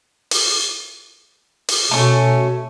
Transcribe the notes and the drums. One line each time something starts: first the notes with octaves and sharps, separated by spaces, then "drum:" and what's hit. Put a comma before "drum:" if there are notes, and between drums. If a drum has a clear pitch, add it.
drum: open hi-hat
drum: open hi-hat
B2 A3 C#4